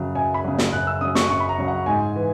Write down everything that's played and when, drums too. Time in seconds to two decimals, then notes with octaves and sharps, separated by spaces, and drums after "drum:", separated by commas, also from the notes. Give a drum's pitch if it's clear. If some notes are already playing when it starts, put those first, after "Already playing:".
Already playing: F#2 C#3 F#3
0.15 F#2 G#5
0.34 B5
0.44 C#3 F#3
0.58 drum: snare
0.72 F#2 F#6
0.87 E6
1.01 C#3 F#3 D#6
1.15 C#6, drum: snare
1.30 F#2 C#6
1.40 B5
1.49 A#5
1.58 C#3 F#3
1.68 F#5
1.86 G#2 G#5
2.16 E3